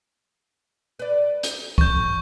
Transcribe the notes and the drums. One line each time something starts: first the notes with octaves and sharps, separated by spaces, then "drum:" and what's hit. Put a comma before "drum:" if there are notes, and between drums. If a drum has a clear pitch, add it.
B4 D5
drum: hi-hat
C#6 G6, drum: kick C2